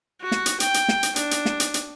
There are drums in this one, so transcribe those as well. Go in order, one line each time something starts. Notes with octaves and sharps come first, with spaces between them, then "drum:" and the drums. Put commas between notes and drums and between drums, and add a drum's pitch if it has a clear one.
F#4
drum: snare
drum: hi-hat
G5, drum: hi-hat
drum: hi-hat
drum: snare
drum: hi-hat
D4, drum: hi-hat
drum: hi-hat
drum: snare
drum: hi-hat
drum: hi-hat